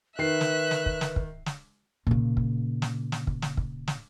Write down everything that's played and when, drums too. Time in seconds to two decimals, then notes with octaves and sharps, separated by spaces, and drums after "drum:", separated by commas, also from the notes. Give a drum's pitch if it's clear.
0.19 D#3 B4 E5 F#6 C7
0.41 drum: snare
0.71 drum: snare
0.86 drum: kick
1.01 drum: snare
1.16 drum: kick
1.46 drum: snare
2.07 A#2 C#3, drum: kick
2.37 drum: kick
2.82 drum: snare
3.12 drum: snare
3.27 drum: kick
3.42 drum: snare
3.57 drum: kick
3.88 drum: snare